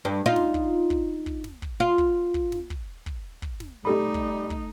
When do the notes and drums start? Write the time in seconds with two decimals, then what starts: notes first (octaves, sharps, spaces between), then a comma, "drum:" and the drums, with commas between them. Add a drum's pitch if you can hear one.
0.05 G2
0.26 D#4 F4
0.36 drum: snare
0.54 drum: kick
0.90 drum: kick
1.26 drum: kick
1.44 drum: snare
1.62 drum: kick
1.80 F4
1.98 drum: kick
2.34 drum: kick
2.52 drum: snare
2.70 drum: kick
3.06 drum: kick
3.42 drum: kick
3.60 drum: snare
3.85 G3 A3 D#4 G4 A4 B5
4.14 drum: kick
4.50 drum: kick